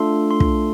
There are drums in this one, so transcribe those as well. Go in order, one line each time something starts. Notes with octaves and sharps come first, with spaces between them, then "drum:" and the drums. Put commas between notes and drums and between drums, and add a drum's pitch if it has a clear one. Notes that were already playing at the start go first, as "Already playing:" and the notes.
Already playing: A3 D4 F4 A4 C6
C6
drum: kick